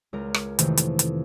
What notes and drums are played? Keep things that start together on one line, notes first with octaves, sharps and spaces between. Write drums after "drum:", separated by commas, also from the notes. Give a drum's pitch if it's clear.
C#2 A#4
drum: rim click
F2 C3 D#3 E3 A3, drum: hi-hat
drum: hi-hat
drum: hi-hat